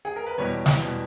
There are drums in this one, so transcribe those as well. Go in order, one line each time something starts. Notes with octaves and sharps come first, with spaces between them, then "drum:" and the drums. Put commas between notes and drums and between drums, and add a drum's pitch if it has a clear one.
G#4
A#4
B4
E2 B2 G3 C#5
drum: snare
E2 B2 G3